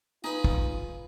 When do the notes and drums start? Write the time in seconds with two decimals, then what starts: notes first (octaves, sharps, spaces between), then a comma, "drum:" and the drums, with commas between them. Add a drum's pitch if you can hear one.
0.24 D#4 F4 G#4 B4
0.44 drum: kick